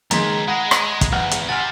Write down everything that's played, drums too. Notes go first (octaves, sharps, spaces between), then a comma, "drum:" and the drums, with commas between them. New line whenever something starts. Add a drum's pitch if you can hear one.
C#2 D#3 G#3 A#5 C6 G#6 B6, drum: hi-hat
G#3 G#4 F#5 B5 A#6
drum: rim click
drum: kick, hi-hat
G#1 E2 F#5 F6
drum: hi-hat
C3 F#5 G#5 F6 A6